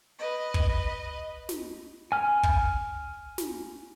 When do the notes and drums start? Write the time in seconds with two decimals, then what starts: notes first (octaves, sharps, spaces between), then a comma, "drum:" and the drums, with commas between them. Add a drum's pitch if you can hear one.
0.18 B4 D#5
0.54 drum: kick
1.49 drum: snare
2.12 G#5 F6
2.43 drum: kick
3.38 drum: snare